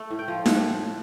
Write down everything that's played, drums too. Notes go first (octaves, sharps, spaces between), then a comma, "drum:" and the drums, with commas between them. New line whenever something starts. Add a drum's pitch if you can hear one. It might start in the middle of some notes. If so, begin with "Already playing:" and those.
Already playing: A3
A2
G5
F3
A2 F#5, drum: snare D#4